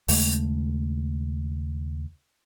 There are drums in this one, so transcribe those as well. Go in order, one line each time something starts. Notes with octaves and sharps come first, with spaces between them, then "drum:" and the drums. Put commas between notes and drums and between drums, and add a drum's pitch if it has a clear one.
D#2 C#3 G#3 A3, drum: open hi-hat